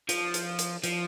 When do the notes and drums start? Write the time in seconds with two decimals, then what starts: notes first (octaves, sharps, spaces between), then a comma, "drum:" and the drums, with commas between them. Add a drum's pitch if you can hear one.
0.09 F3, drum: hi-hat
0.34 drum: hi-hat
0.59 drum: hi-hat
0.84 F3, drum: hi-hat